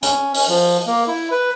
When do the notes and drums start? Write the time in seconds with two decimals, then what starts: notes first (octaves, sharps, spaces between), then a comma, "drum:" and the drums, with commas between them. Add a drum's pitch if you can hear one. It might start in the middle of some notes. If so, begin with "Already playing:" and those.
0.03 C#4, drum: hi-hat
0.34 C#4, drum: open hi-hat
0.48 F3
0.87 A#3
1.08 E4
1.31 B4